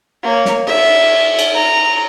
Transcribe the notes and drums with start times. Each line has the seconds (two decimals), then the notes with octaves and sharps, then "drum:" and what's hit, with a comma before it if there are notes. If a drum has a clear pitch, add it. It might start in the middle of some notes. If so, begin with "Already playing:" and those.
0.23 A#3 C#5
0.45 drum: snare
0.67 E5, drum: cymbal
1.39 drum: cymbal
1.54 A#5